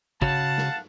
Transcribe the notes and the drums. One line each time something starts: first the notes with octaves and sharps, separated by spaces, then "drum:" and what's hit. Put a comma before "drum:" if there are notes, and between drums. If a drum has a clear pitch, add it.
C#3 F#4 C#5 F5 F#5 A5, drum: kick
drum: snare